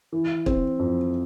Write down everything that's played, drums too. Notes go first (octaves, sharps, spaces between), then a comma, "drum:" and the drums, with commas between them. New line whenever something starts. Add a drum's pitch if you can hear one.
E3
C4, drum: kick
F2